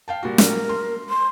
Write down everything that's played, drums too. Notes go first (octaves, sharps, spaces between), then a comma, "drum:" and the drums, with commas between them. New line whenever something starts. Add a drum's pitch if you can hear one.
F5 G5 A5
A#2 G3 F#4
A#4, drum: snare
C6
C6